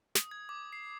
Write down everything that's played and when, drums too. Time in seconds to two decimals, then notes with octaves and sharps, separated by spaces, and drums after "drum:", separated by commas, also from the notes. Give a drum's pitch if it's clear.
0.15 D#6, drum: snare
0.31 G#6
0.49 D6
0.73 C7